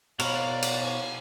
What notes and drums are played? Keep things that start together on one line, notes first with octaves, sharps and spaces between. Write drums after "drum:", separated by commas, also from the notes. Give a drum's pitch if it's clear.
B2 F#4 A#4 C#5 F5 A#5 B5, drum: cymbal
D5
drum: cymbal
G#5